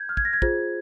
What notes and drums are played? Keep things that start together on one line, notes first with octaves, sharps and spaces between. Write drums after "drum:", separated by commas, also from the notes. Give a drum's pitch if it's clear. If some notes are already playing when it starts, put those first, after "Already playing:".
Already playing: G6 G#6
F6
G#6, drum: kick
A#6
G#6
F4 G#4 C5, drum: kick